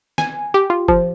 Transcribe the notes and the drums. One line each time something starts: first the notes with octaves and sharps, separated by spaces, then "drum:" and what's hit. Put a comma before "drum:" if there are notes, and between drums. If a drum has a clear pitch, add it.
G#5, drum: snare
G4
F4
F3, drum: kick G1